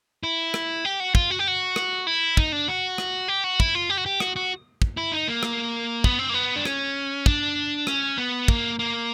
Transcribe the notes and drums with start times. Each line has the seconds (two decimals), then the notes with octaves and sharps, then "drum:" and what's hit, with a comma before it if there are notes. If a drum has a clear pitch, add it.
0.23 E4
0.54 drum: rim click
0.85 G4
1.00 F#4
1.15 F4, drum: kick
1.31 F#4
1.39 G4
1.48 F#4
1.76 drum: rim click
2.07 E4
2.37 D#4, drum: kick
2.52 D4
2.68 F#4
2.98 drum: rim click
3.28 G4
3.44 F#4
3.60 E4, drum: kick
3.75 F4
3.90 G4
3.97 F#4
4.06 G4
4.20 F#4, drum: rim click
4.36 F#4
4.82 drum: kick
4.97 E4
5.12 D#4
5.28 A#3
5.43 drum: rim click
6.04 B3, drum: kick
6.19 C4
6.29 A#3
6.34 B3
6.56 D4
6.65 C#4, drum: rim click
7.26 D4, drum: kick
7.87 C#4, drum: rim click
8.18 B3
8.48 A#3, drum: kick
8.79 A#3